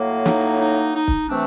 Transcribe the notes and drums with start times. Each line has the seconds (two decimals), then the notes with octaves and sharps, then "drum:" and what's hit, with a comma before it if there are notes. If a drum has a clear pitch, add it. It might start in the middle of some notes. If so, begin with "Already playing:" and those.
Already playing: A2 F#3 A#3
0.26 D#4, drum: snare
0.59 D#4
0.95 D#4
1.08 drum: kick
1.29 C3 E3 A3 C4 D4